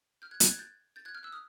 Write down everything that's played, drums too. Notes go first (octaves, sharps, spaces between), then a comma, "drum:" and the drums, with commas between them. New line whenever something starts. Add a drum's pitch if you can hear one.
F6 G6
F#6 G#6
G6 A6, drum: hi-hat
F#6 G#6
G6 A6
G6 A6
F#6 G#6
F6 G6
E6 F#6
D#6 F6